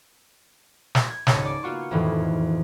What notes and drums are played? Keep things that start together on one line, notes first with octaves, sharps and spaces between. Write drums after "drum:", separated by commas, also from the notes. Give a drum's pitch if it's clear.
drum: snare
G#6
G#1 C#2 C#5 D#5 A5, drum: snare
D5 A6
A#3 B3 F4 F#4 C#6
E1 F2 A2 D#3 E3